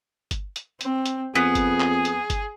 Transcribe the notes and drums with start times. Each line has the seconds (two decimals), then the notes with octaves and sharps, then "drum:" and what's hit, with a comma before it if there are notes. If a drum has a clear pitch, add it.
0.31 drum: kick G1, hi-hat
0.56 drum: hi-hat
0.81 C4, drum: hi-hat
1.06 drum: hi-hat
1.35 F2 B3 G#4
1.55 drum: kick G1, hi-hat
1.80 drum: clap
2.05 drum: hi-hat
2.30 drum: kick G1, hi-hat